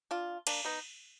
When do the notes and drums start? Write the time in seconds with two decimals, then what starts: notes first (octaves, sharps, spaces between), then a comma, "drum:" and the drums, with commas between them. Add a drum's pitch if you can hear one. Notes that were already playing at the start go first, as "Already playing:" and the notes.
0.11 D4 F4
0.47 A#3 D4, drum: cymbal
0.65 B3 D#4